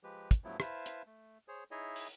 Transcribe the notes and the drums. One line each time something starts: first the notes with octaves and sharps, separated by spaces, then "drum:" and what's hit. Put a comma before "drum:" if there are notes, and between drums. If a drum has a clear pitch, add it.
F3 G#3 G4 B4
drum: kick, hi-hat
G2 F3 F#3 A3 B3 E4
E4 B4 C5 E5 F5 A5, drum: rim click
drum: hi-hat
A3
G#4 C5 C#5
D#4 E4 G#4 C#5 D#5 E5
drum: open hi-hat